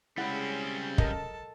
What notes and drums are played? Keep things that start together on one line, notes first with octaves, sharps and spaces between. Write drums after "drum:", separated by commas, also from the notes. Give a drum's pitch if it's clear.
C#3 G3 G#3 C4 C#4 E4 F#5
A4 A#4 D#5 A5, drum: kick